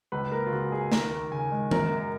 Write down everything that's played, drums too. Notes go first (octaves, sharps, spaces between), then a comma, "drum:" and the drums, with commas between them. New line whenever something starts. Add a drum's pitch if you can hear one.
C#2 B4
A#3 A#4
F4
C#3 F#4
F#3 G#4
D#2 A#4, drum: snare
D#2
C#3 G#5
G#3
F#2 A#4, drum: tom D#3
F#2